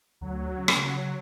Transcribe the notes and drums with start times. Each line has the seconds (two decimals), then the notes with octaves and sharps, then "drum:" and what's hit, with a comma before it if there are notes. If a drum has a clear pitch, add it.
0.21 D2 F#3
0.58 C#3
0.68 drum: rim click